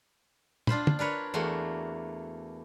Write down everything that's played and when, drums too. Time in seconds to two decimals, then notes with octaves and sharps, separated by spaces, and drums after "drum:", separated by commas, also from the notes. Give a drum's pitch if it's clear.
0.67 D4 F4 C5 B5, drum: tom
0.87 drum: tom
0.99 D4 A#4 B4 C#5
1.34 E2 A3 A#3 F#4 C6